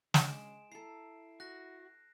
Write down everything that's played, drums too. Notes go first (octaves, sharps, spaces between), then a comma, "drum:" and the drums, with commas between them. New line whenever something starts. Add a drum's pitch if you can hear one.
C#3 G#3 D7 E7, drum: snare
E4 A4 A#5 C7
F#4 F#6 A#6